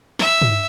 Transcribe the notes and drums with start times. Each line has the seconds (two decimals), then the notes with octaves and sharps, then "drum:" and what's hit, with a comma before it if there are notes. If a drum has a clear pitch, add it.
0.19 E5, drum: snare
0.42 drum: tom